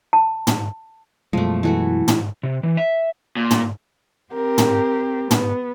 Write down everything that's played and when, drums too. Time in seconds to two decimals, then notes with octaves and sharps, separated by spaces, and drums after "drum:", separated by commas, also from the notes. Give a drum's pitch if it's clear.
0.13 A5
0.47 drum: tom
1.33 F#2 B2 F3 G#3 A3
1.63 E3 A3 F#4
2.08 drum: tom
2.43 C3
2.63 E3
2.77 E5
3.37 A#2
3.51 drum: tom
4.33 C4 G4 A#4
4.58 drum: tom
5.31 B3, drum: tom